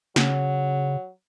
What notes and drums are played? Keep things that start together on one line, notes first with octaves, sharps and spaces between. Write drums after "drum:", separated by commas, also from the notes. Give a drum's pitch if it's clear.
C#3 F#3, drum: snare